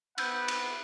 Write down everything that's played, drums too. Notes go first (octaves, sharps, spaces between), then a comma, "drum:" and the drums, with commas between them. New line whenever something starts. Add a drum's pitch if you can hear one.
B3 F#5 B5 E6 G6, drum: cymbal
drum: cymbal